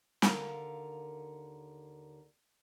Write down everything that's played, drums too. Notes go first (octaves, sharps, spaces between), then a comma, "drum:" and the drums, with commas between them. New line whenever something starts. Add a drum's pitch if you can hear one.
D#2 D3 A#4 F5, drum: snare